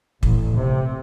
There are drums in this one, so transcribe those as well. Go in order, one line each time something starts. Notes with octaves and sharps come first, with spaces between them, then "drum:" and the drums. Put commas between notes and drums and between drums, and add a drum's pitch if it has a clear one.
A1, drum: kick
C3